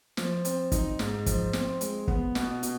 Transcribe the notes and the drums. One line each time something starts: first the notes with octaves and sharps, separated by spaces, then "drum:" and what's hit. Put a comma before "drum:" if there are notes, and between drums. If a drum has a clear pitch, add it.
F3, drum: snare
C4, drum: hi-hat
D#4, drum: kick, hi-hat
G#2, drum: snare
F3, drum: kick, hi-hat
C4, drum: snare
G#3, drum: hi-hat
B3, drum: kick
B2, drum: snare
B2, drum: hi-hat